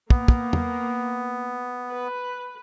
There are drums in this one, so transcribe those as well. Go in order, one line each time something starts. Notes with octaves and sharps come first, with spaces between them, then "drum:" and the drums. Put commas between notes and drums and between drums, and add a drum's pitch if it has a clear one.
A#3 B3, drum: kick
drum: kick
drum: tom
B4